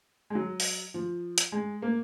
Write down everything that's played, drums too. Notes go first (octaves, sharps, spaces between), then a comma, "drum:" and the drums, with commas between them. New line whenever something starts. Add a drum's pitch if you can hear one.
G#3
F#3
drum: open hi-hat
F3
drum: hi-hat
G#3
A#3